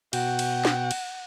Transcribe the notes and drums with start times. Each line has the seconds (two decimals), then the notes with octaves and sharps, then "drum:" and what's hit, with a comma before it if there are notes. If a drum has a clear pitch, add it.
0.13 B2 F#4 F#5 G5, drum: cymbal
0.39 drum: cymbal
0.65 drum: snare
0.91 drum: cymbal